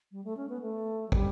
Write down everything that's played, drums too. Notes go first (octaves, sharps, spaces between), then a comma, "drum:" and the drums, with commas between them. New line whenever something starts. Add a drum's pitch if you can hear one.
G3
A3
C#4
B3
A3
F#3
G3, drum: kick